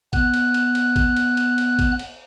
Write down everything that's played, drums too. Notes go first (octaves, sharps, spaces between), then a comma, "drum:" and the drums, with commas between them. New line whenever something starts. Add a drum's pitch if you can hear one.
B3 F#6, drum: kick G#1, cymbal
drum: cymbal
drum: cymbal
drum: cymbal
drum: kick G#1, cymbal
drum: cymbal
drum: cymbal
drum: cymbal
drum: kick G#1, cymbal
drum: cymbal